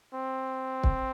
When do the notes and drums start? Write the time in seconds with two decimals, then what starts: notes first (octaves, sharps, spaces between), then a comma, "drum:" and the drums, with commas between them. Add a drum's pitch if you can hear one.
0.14 C4
0.84 drum: kick